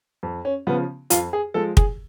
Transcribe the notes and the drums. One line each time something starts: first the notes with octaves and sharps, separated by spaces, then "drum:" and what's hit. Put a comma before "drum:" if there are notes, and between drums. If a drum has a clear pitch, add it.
F2
C#4
C#3 F3 B3
F2 F4, drum: hi-hat
G#4
F3 G#3 A4
G#4, drum: kick